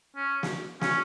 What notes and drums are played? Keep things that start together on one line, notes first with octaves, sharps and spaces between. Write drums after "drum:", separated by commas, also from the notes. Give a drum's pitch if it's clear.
C#4
drum: snare
C#4, drum: snare